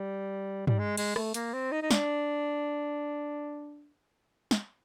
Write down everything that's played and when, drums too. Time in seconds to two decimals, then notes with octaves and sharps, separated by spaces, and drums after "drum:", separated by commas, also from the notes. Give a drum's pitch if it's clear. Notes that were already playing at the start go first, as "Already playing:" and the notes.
Already playing: G3
0.67 G3, drum: tom
0.79 G#3
0.97 G#3, drum: cymbal
1.16 A3, drum: rim click
1.34 A#3, drum: hi-hat
1.54 C4
1.72 D#4
1.83 D#4
1.91 D4, drum: snare
4.51 drum: snare